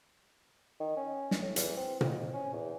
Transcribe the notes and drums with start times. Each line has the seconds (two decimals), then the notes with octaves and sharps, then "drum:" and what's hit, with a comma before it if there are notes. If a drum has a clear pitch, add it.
0.80 D#3
0.97 C#4
1.31 drum: snare
1.42 A2
1.56 E2, drum: hi-hat
1.77 C4
2.01 F2, drum: tom A#2
2.34 C#4
2.53 E2